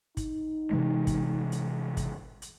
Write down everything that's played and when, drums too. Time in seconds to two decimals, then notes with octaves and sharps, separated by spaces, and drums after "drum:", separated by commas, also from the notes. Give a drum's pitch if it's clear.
0.17 D#4, drum: kick, hi-hat
0.71 C3 E3 G#3
1.07 drum: kick, hi-hat
1.52 drum: hi-hat
1.97 drum: kick, hi-hat
2.42 drum: hi-hat